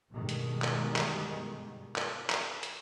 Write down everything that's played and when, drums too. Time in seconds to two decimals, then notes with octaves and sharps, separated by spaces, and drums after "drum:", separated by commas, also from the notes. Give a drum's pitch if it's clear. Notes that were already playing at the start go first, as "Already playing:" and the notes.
0.12 G2 B2 D3 D#3 G3 G#3
0.29 drum: hi-hat
0.62 drum: clap
0.96 drum: clap
1.96 drum: clap
2.29 drum: clap
2.63 drum: hi-hat